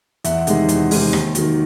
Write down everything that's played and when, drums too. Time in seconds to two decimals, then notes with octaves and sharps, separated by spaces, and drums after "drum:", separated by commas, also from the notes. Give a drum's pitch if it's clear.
0.24 E2 E5 F#5, drum: hi-hat
0.47 C3 D#3 G#3, drum: hi-hat
0.69 E2, drum: hi-hat
0.91 C3 D#3 G#3, drum: open hi-hat
1.13 D#2, drum: rim click
1.35 D#3 F#3, drum: hi-hat